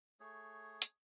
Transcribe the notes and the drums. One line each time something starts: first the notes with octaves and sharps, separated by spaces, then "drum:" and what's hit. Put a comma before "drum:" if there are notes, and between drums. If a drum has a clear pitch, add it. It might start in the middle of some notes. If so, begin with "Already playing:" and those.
A3 G#4 C#5
drum: hi-hat